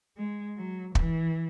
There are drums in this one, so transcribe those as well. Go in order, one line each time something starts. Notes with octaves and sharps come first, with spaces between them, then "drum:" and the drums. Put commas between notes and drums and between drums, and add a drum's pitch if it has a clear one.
G#3
F#3
E3, drum: kick